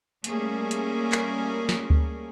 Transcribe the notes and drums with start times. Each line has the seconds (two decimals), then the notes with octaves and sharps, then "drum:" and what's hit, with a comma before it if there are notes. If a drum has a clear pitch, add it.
0.24 G3 A3 A#3 C#4 G#4 A#4, drum: hi-hat
0.71 drum: hi-hat
1.12 drum: clap
1.69 drum: snare
1.90 drum: kick D2